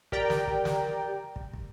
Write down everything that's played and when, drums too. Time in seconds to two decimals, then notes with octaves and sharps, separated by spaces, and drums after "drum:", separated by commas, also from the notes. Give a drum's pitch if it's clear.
0.12 G4 A#4 D5 G5 A#5, drum: kick
0.30 drum: snare
0.47 drum: kick
0.65 drum: snare
1.36 drum: kick
1.53 drum: kick